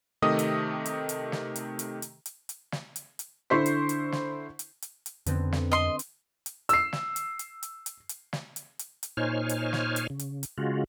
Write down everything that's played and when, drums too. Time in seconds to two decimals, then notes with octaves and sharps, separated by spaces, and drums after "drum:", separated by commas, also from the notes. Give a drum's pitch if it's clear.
0.22 C3 D#3 A3 G4 D#5 D#6
0.39 drum: hi-hat
0.86 drum: hi-hat
1.09 drum: hi-hat
1.32 drum: snare
1.56 drum: hi-hat
1.79 drum: hi-hat
2.02 drum: hi-hat
2.26 drum: hi-hat
2.49 drum: hi-hat
2.72 drum: snare
2.96 drum: hi-hat
3.19 drum: hi-hat
3.50 D3 E4 C5 C#6 B6
3.66 drum: hi-hat
3.89 drum: hi-hat
4.12 drum: snare
4.59 drum: hi-hat
4.82 drum: hi-hat
5.06 drum: hi-hat
5.26 F2 D3 B3 C4, drum: hi-hat
5.52 drum: snare
5.72 D#5 C6
5.99 drum: hi-hat
6.46 drum: hi-hat
6.69 E6 C7, drum: hi-hat
6.93 drum: snare
7.16 drum: hi-hat
7.39 drum: hi-hat
7.63 drum: hi-hat
7.86 drum: hi-hat
8.09 drum: hi-hat
8.33 drum: snare
8.56 drum: hi-hat
8.79 drum: hi-hat
9.03 drum: hi-hat
9.17 A#2 D#4 C5 C#5 G#5 F6
9.49 drum: hi-hat
9.73 drum: snare
9.96 drum: hi-hat
10.10 C#3
10.19 drum: hi-hat
10.43 drum: hi-hat
10.58 C#3 G#3 F4 F#4